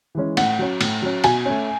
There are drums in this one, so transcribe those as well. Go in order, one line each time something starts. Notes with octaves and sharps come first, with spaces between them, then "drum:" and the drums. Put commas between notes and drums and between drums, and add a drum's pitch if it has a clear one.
E3 G#3 C#4
A2 F#5, drum: cymbal
F#3 C#4
A2, drum: cymbal
F#3 C#4
B2 G#5, drum: cymbal
A3 C#4